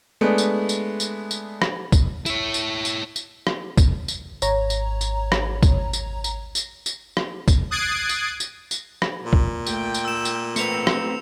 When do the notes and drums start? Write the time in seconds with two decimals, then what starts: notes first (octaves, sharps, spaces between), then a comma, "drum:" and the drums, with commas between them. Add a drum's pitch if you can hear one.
0.21 G#3 A3 B3 D4
0.38 drum: tambourine
0.69 drum: tambourine
1.00 drum: tambourine
1.31 drum: tambourine
1.62 drum: rim click
1.92 drum: kick, tambourine
2.26 E4 C#5, drum: tambourine
2.54 drum: tambourine
2.85 drum: tambourine
3.16 drum: tambourine
3.47 drum: rim click
3.77 drum: kick, tambourine
4.08 drum: tambourine
4.42 G#1 C#5 A#5, drum: tambourine
4.70 drum: tambourine
5.01 drum: tambourine
5.32 drum: rim click
5.63 drum: kick, tambourine
5.93 drum: tambourine
6.24 drum: tambourine
6.55 drum: tambourine
6.86 drum: tambourine
7.17 drum: rim click
7.48 drum: kick, tambourine
7.71 D#6 F#6 G#6 A6 C7 D7
8.09 drum: tambourine
8.40 drum: tambourine
8.71 drum: tambourine
9.02 drum: rim click
9.23 A#2
9.33 drum: kick
9.66 A3 G5, drum: tambourine
9.94 drum: tambourine
10.05 E6 E7
10.25 drum: tambourine
10.56 A3 C4 B4 C#7 F7, drum: tambourine
10.87 drum: rim click